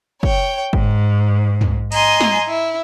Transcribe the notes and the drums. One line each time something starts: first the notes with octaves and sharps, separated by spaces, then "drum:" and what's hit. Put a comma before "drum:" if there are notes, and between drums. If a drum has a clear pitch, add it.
C#5 G5, drum: kick
G#2, drum: kick
drum: tom
D#5 G#5 A#5 C6, drum: cymbal
drum: snare
E4